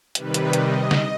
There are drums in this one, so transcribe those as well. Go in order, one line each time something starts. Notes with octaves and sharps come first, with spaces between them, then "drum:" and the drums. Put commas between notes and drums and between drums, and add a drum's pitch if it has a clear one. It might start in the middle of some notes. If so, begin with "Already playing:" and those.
C3 D#3 G3 B4, drum: hi-hat
drum: hi-hat
D#5, drum: hi-hat
drum: snare